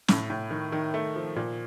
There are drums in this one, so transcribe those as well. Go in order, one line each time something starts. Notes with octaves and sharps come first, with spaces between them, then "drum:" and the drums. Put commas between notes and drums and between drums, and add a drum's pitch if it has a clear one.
A2, drum: snare
A2
D#3
D#3
A3
F3
A#2